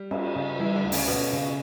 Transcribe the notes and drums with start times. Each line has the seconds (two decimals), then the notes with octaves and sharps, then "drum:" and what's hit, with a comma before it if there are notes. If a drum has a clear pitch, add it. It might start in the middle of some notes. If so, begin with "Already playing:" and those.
Already playing: G3
0.11 C#4, drum: cymbal
0.36 C#3
0.59 E3 G3 E4
0.76 D3 D4
0.84 D2
0.92 C#3 C#4, drum: open hi-hat
1.07 B2 B3 C#4
1.32 C#3